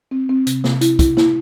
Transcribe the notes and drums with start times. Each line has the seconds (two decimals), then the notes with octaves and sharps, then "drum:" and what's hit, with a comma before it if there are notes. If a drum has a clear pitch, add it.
0.11 C4
0.29 C4
0.47 C3, drum: hi-hat
0.64 C3, drum: snare
0.81 E4, drum: hi-hat
0.99 E4, drum: kick, hi-hat
1.17 E4, drum: snare